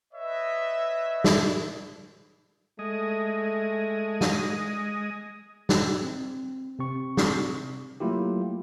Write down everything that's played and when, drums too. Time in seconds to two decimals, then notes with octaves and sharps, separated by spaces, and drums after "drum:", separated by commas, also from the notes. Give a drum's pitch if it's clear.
0.13 B4 C#5 D#5 E5
1.24 drum: snare
2.79 G#3 A3 D#5
4.21 drum: snare
5.69 drum: snare
6.03 C4
6.79 C3 C4 C#6
7.17 drum: snare
8.00 F#3 A3 A#3 E4 F4 G4